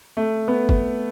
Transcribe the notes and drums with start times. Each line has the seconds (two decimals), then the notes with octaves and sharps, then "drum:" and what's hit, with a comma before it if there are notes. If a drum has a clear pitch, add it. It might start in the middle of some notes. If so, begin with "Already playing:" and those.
0.17 A3
0.48 B3
0.69 drum: kick